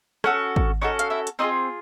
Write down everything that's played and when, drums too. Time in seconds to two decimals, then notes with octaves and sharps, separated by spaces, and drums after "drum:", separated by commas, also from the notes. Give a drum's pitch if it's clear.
0.24 C#4 F#4 A4, drum: rim click
0.56 drum: kick G#1
0.81 C#4 D#4 F#4 A4 D#5
0.99 F5, drum: hi-hat
1.10 E4 E5
1.27 drum: hi-hat
1.39 C4 D#4 F4 G#4 D#5